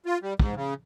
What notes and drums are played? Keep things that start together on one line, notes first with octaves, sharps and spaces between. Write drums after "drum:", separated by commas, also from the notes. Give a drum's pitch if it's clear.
F4
G3
G#2, drum: kick
C#3